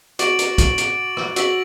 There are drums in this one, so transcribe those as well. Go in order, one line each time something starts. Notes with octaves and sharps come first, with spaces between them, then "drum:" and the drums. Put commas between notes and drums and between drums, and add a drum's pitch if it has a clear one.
F#4 D6 A6 D7 F#7, drum: hi-hat
drum: hi-hat
drum: kick, hi-hat
drum: hi-hat
drum: rim click
F#4 E6 B6 F#7, drum: hi-hat